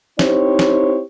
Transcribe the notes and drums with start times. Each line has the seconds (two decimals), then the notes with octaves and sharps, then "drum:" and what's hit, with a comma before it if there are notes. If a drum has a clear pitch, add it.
0.19 C4 D#4 E4 G4 C5 C#5, drum: snare
0.59 drum: snare